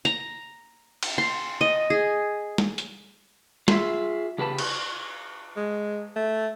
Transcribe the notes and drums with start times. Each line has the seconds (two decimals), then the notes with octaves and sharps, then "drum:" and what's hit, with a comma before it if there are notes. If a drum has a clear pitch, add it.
0.05 A#5, drum: hi-hat
1.03 drum: cymbal
1.18 C6
1.61 D#5
1.90 G#4
2.58 drum: snare
2.78 drum: hi-hat
3.68 F4 G#4 E5, drum: snare
4.38 C#3 G4 B4 G#5 A5
4.58 drum: cymbal
5.57 G#3
6.16 A3